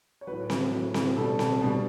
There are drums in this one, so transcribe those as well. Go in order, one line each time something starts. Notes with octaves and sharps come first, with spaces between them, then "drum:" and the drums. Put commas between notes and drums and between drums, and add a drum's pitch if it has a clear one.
C#5
A2 F#3 B4
drum: snare C4
A2 F#3
drum: snare C4
B2 G3 A4
drum: snare C4
B2 G3